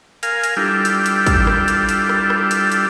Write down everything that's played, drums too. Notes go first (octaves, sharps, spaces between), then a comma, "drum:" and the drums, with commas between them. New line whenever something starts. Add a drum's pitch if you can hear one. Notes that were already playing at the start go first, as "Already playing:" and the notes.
A#4 F5 G#5, drum: hi-hat
drum: hi-hat
G3 D4 E4 F4 G4 A4
drum: hi-hat
drum: hi-hat
drum: kick, hi-hat
drum: rim click
drum: hi-hat
drum: hi-hat
drum: rim click
drum: rim click
drum: hi-hat
drum: hi-hat